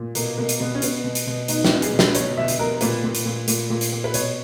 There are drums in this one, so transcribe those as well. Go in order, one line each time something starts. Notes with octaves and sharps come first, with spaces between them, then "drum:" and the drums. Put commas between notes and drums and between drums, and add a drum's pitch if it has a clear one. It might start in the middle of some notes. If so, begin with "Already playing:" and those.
Already playing: A#2
B2 A#3, drum: hi-hat
B2 A#3
drum: hi-hat
B2 B3
C#4
B2 B3, drum: hi-hat
B2
drum: hi-hat
B2
B2 D#4, drum: hi-hat
E4, drum: snare
B2
G#4, drum: hi-hat
B2
B4, drum: snare
B2 C#5, drum: hi-hat
B2 E5
drum: hi-hat
B2 A#4
A#2 B4, drum: hi-hat
A#2
drum: hi-hat
A#2
A#2, drum: hi-hat
A#2
drum: hi-hat
A#2
B4
B2 C#5, drum: hi-hat